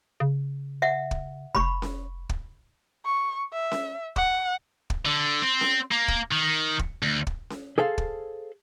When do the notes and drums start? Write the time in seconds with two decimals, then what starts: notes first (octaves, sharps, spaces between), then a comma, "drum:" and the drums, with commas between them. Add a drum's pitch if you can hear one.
0.20 C#3
0.82 E5 F#5
1.11 drum: kick
1.55 F1 B5 C#6
1.82 drum: snare C#4
2.29 drum: kick
3.05 C#6
3.53 E5
3.72 drum: snare C#4
4.16 F#5, drum: kick
4.90 drum: kick
5.06 D3
5.42 C4
5.61 drum: snare C#4
5.91 A#3
6.08 drum: kick
6.32 D#3
6.79 drum: kick
7.03 D2
7.27 drum: kick
7.50 drum: snare C#4
7.78 G#4 A4 C5 F5
7.98 drum: kick